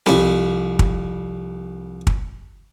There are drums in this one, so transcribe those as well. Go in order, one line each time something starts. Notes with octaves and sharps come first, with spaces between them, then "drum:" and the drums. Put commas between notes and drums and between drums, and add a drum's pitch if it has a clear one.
C2 F2 G3, drum: snare C4
drum: kick
drum: kick